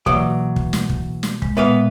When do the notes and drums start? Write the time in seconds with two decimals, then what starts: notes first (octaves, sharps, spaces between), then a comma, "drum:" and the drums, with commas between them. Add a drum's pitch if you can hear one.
0.06 B2 E3 F#3 A#3 D5, drum: kick
0.56 drum: kick
0.73 drum: snare
0.90 drum: kick
1.23 drum: snare
1.42 G#3, drum: kick
1.57 A#2 G#3 B3 B4 E5 F5